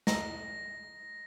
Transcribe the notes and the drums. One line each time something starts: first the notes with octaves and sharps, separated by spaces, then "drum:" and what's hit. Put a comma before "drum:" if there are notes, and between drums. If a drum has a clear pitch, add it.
D#5 A#5 A#6, drum: snare